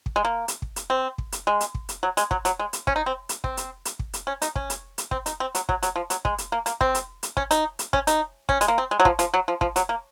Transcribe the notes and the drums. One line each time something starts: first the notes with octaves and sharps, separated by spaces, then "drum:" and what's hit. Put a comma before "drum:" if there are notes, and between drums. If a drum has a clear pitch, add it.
drum: kick
G#3
A#3
drum: hi-hat
drum: kick
drum: hi-hat
C4
drum: kick
drum: hi-hat
G#3
drum: hi-hat
drum: kick
drum: hi-hat
F#3
G#3, drum: hi-hat
F#3, drum: kick
F#3, drum: hi-hat
G#3
drum: hi-hat
C#4, drum: kick
D#4
C4
drum: hi-hat
C4, drum: kick
drum: hi-hat
drum: hi-hat
drum: kick
drum: hi-hat
C#4
D#4, drum: hi-hat
C#4, drum: kick
drum: hi-hat
drum: hi-hat
C4, drum: kick
D#4, drum: hi-hat
C4
F#3, drum: hi-hat
F#3, drum: kick
F#3, drum: hi-hat
F3
F#3, drum: hi-hat
G#3, drum: kick
drum: hi-hat
A#3
A#3, drum: hi-hat
C4, drum: kick
drum: hi-hat
drum: hi-hat
C#4, drum: kick
D#4, drum: hi-hat
drum: hi-hat
C#4, drum: kick
D#4, drum: hi-hat
C#4, drum: kick
G#3, drum: hi-hat
A#3
C4
G#3
F#3
F3, drum: kick
F3, drum: hi-hat
F#3
F3
F3, drum: kick
F#3, drum: hi-hat
A#3